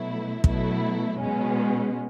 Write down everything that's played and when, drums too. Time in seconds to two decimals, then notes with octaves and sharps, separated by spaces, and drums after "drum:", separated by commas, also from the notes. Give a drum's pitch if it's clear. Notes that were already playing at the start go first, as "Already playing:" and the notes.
Already playing: B2 F#3 A3 E4
0.44 B2 F#3 A3 E4, drum: kick
1.19 B2 G#3 C#4